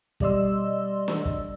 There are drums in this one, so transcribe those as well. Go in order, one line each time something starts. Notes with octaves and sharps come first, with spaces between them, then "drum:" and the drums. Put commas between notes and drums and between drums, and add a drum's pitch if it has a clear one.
B2 G3 D5 D#5 C6 E6, drum: kick
drum: snare
drum: kick